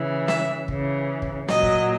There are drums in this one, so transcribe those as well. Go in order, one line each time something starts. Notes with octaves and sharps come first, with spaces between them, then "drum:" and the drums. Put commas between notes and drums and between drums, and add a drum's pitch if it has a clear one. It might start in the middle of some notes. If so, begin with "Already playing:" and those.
Already playing: C#3 E3
E5, drum: snare
C#3 E3, drum: kick
drum: kick
A#2 F#3 D#5, drum: snare
drum: kick